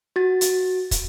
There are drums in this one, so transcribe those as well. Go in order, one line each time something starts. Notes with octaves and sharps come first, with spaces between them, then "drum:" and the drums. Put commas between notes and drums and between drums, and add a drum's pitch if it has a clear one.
F#4 A6
drum: hi-hat
drum: kick, hi-hat